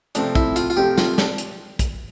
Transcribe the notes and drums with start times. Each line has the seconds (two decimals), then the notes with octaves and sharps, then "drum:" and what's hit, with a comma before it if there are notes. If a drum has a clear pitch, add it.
0.15 C3 F3 A3 C4 D4, drum: hi-hat
0.35 E4, drum: kick
0.56 F4, drum: hi-hat
0.70 F4
0.77 C3 F3 A3 C4 G4
0.98 F4, drum: snare
1.18 D4, drum: snare
1.38 drum: hi-hat
1.79 drum: kick, hi-hat